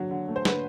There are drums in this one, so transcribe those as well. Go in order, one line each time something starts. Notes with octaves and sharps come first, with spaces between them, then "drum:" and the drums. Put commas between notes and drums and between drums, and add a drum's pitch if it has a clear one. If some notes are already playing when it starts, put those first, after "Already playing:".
Already playing: D3 F#3
D3
A3
C5
D3 B4, drum: snare